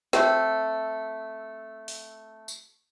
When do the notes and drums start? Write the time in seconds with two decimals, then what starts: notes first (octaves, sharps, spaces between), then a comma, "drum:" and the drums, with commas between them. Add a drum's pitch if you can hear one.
0.13 A3 C4, drum: snare
1.88 drum: open hi-hat
2.48 drum: tambourine